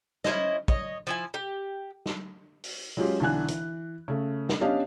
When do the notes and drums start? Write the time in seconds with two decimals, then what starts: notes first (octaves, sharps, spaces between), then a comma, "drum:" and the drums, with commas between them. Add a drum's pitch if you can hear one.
0.24 C#4 E4 C5 D#5, drum: snare
0.68 C#5 D#5, drum: kick
1.07 F3 E4 G#5
1.34 G4
2.06 drum: snare
2.64 drum: open hi-hat
2.97 F#3 G#3 C#4 F4 G4
3.20 B1 D3 E3 D4 G#5 F#6
3.48 E3, drum: hi-hat
4.08 C#3 A3
4.49 drum: snare
4.61 B3 C#4 D4 G4 D#5 F5